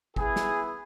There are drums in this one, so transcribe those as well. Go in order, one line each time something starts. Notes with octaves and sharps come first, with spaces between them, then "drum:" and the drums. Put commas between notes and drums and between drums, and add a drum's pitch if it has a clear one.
B3 E4 G#4, drum: kick
drum: snare